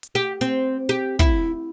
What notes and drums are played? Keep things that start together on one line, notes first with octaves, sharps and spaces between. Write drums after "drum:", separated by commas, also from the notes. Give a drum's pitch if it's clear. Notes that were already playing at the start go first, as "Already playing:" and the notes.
drum: hi-hat
G4
C4, drum: hi-hat
G4
E4, drum: kick, hi-hat